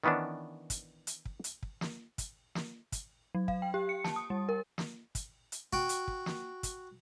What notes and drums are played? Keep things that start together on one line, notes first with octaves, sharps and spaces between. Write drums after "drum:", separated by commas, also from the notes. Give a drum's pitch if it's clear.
D#3 E3 B3 C#4 D4
drum: kick, hi-hat
drum: hi-hat
drum: kick
drum: hi-hat
drum: kick
drum: snare
drum: kick, hi-hat
drum: snare
drum: kick, hi-hat
F#3
F5, drum: kick
G5
G4
C#7
A5, drum: snare
D#6
G3
A#4
drum: snare
drum: kick, hi-hat
drum: hi-hat
F#4 G5, drum: kick
drum: hi-hat
drum: kick
drum: snare
drum: kick, hi-hat